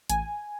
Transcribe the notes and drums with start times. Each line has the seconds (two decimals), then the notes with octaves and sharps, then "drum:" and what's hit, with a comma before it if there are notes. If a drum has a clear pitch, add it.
0.10 A1 G#5, drum: hi-hat